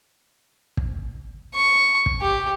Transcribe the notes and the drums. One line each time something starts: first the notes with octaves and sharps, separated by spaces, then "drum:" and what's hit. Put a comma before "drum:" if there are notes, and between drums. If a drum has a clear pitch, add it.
drum: kick
C#6
drum: kick
G4